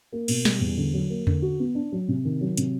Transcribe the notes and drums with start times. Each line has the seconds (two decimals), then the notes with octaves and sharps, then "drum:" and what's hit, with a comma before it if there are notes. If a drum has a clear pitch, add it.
0.12 A#3
0.28 B2, drum: cymbal
0.45 G3, drum: snare
0.60 E2
0.77 D3
0.94 F#3
1.10 A#3
1.27 D3, drum: tom E2
1.42 F#4
1.59 B3
1.75 D4
1.92 F#3
2.08 C3
2.25 D#3
2.41 F#3
2.57 C3, drum: hi-hat